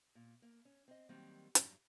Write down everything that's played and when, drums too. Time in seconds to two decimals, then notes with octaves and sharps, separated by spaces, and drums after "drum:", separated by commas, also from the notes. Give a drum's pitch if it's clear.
0.15 A#2
0.42 A#3
0.65 C#4
0.88 C4 D#5
1.09 D#3 F#3 G3 A#3 C4
1.55 G2 F#3, drum: hi-hat